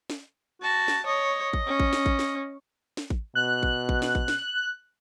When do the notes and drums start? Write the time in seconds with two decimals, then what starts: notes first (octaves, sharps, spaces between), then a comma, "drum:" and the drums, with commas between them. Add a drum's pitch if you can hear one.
0.10 drum: snare
0.62 F#4 A5
0.88 drum: snare
1.06 C#5 D#5
1.53 drum: kick A1
1.67 C#4
1.80 drum: kick A1
1.93 drum: snare
2.06 drum: kick A1
2.19 drum: snare
2.97 drum: snare
3.10 drum: kick A1
3.35 B2 F#6
3.63 drum: kick A1
3.89 drum: kick A1
4.02 drum: snare
4.15 drum: kick A1
4.28 drum: snare